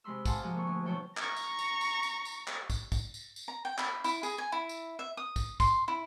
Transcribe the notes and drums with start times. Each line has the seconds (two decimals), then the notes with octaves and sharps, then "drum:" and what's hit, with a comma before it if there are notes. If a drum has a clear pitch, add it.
0.04 C3 G#3 B5 C6 E6
0.25 F5 F#5 G#5 A5 C6 D6, drum: kick, tambourine
0.43 G#2 F3 G#3 F#4 F#5 G#5
0.54 A#2 D3 C#6
0.67 D2
0.85 B2 E3 F#3 C#5 G5 A5
1.17 A#5 C#6, drum: clap
1.36 drum: tambourine
1.59 drum: tambourine
1.81 drum: tambourine
2.03 drum: tambourine
2.25 drum: tambourine
2.47 drum: clap
2.70 drum: kick, tambourine
2.92 drum: kick, tambourine
3.14 drum: tambourine
3.36 drum: tambourine
3.48 A#5
3.65 G5
3.78 B5, drum: clap
4.04 E4, drum: tambourine
4.23 G#4, drum: tambourine
4.38 G#5
4.52 E4
4.69 drum: tambourine
4.99 E5
5.17 D#6
5.36 drum: kick, tambourine
5.60 C6, drum: kick, tambourine
5.88 E4